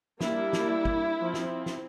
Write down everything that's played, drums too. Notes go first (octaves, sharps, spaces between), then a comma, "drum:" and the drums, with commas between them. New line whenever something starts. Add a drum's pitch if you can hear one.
G3 A#3 D4 E4, drum: snare
drum: snare
drum: kick
F3 C4
drum: snare
drum: snare